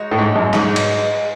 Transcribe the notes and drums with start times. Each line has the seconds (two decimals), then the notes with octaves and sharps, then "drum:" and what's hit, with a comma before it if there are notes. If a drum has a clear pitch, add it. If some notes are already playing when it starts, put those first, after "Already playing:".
Already playing: G#3 D#4 F#4 C#5
0.11 A2
0.19 G#2
0.36 F#2
0.53 G#2 G#3 D#4 F#4 C#5, drum: snare
0.76 drum: cymbal